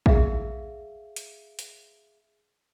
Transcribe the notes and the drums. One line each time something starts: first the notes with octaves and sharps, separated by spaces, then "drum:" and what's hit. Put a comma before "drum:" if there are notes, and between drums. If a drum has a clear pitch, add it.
G#4 E5 F5, drum: kick
drum: hi-hat
drum: hi-hat